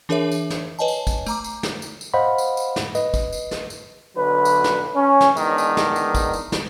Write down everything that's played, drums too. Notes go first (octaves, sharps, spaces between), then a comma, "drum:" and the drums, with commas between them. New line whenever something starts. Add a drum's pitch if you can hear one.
E3 D4 G#4 A#4 C#5 E5
drum: tambourine
drum: snare
B4 C#5 D#5 G#5 A5
drum: tambourine
drum: kick A1, tambourine
A3 A#5 D6, drum: tambourine
drum: tambourine
drum: snare
drum: tambourine
drum: tambourine
C5 D#5 F5 F#5 B5
drum: tambourine
drum: tambourine
drum: snare
B4 D#5, drum: tambourine
drum: kick A1, tambourine
drum: tambourine
drum: snare
drum: tambourine
B1 D3 F#3 B4
drum: tambourine
drum: snare
C#4
drum: snare
D#3 E3 G#3 B3 D4 D#4, drum: tambourine
drum: tambourine
drum: snare
drum: tambourine
drum: kick A1, tambourine
drum: tambourine
drum: snare